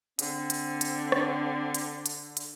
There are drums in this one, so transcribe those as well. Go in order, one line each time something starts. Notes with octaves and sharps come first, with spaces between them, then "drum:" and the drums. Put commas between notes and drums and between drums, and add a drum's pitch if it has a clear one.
D3 C4, drum: hi-hat
drum: hi-hat
drum: hi-hat
drum: rim click
drum: hi-hat
drum: hi-hat
drum: hi-hat